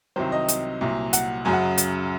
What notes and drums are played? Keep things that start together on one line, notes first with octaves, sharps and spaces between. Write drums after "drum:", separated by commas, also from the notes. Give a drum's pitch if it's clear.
C2 C3 D#3 F#3 C5
D#5
drum: hi-hat
C2 A#2 F#3
F#5, drum: hi-hat
F#2 C#3 F#3 G#5
F#5
drum: hi-hat